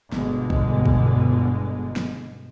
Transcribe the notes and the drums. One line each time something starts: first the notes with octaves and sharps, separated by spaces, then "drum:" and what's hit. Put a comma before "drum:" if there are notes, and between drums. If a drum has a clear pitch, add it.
G1 B2 D3 G#3, drum: snare
drum: kick
drum: kick
drum: snare